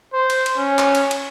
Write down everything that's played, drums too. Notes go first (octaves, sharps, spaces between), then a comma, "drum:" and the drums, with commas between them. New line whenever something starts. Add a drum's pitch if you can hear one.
C5
drum: cymbal
drum: cymbal
C#4
drum: clap
drum: cymbal
drum: cymbal